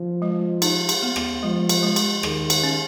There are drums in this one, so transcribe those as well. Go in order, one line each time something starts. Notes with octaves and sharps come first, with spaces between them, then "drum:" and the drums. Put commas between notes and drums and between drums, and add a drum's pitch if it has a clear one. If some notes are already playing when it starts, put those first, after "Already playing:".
Already playing: F3
G#3
D#4, drum: cymbal
drum: cymbal
B3
drum: rim click
F3 G#3
drum: cymbal
G#3
drum: cymbal
D#3 G#4, drum: rim click
drum: cymbal
C#4